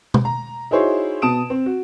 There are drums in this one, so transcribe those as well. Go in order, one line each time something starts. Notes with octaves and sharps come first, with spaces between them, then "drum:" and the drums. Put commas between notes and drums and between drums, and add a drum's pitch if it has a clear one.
drum: tom
A#5
D#4 E4 F#4 G#4 C5 C#5
B2 A5 D#6 D7 E7
C4
F#4